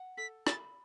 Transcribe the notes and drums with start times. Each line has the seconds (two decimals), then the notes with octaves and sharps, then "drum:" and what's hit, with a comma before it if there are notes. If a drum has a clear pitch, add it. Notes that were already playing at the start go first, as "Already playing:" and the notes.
Already playing: F#5
0.17 A4 B6
0.47 B5 A6, drum: rim click